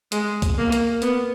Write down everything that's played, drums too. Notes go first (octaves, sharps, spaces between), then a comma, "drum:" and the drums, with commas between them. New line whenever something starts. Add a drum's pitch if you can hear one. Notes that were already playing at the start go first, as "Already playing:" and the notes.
G#3, drum: hi-hat
drum: kick, hi-hat
A#3
drum: hi-hat
B3, drum: hi-hat